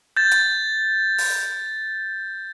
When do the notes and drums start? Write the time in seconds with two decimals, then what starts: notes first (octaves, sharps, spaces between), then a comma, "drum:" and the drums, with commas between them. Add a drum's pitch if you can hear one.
0.17 G6 A6
0.31 drum: hi-hat
1.18 drum: open hi-hat